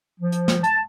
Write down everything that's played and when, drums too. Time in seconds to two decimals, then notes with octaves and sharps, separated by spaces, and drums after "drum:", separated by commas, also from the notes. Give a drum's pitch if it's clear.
0.20 F3
0.32 drum: hi-hat
0.48 drum: snare
0.64 A5, drum: hi-hat